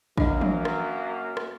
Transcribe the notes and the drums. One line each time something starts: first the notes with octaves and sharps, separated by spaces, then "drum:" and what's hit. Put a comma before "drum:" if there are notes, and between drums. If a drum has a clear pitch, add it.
F#2 F#3 A#3 D4 D#5, drum: kick
drum: tom E3
drum: rim click
drum: rim click